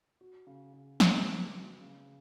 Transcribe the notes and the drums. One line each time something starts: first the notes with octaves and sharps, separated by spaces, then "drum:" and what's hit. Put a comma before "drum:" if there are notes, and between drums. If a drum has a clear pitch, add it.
F#4
C#3
C#3
F#3, drum: snare
B3
F#3
C#3